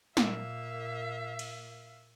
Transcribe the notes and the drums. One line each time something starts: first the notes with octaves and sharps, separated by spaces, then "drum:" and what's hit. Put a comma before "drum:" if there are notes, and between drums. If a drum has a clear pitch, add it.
A#2 A#3 E5 F5, drum: snare
drum: cymbal